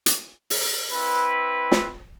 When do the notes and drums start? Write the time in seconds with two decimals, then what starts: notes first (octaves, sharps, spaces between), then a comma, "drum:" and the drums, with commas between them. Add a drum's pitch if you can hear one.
0.06 drum: hi-hat
0.50 drum: open hi-hat
0.90 C4 E4 B4
1.71 drum: snare